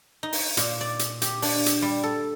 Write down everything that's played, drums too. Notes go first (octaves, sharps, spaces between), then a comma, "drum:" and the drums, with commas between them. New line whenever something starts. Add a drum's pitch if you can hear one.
D#4
drum: open hi-hat
A#2, drum: hi-hat
D5
drum: hi-hat
G4, drum: hi-hat
D4, drum: open hi-hat
drum: hi-hat
G3
A4